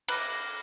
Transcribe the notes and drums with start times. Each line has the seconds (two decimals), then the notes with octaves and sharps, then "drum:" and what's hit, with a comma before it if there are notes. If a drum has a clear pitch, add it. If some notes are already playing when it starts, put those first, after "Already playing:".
0.08 B4 D6 F6 A#6, drum: cymbal